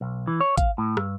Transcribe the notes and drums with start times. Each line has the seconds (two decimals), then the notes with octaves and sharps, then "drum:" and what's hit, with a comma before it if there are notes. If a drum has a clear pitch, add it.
0.01 B1
0.27 E3
0.41 C#5
0.57 F5, drum: kick, hi-hat
0.78 A2
0.97 G2, drum: rim click